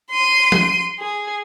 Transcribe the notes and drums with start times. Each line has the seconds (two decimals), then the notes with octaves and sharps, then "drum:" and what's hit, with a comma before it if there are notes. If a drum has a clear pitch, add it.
0.11 C6 D#7
0.52 drum: tom F3
0.99 G#4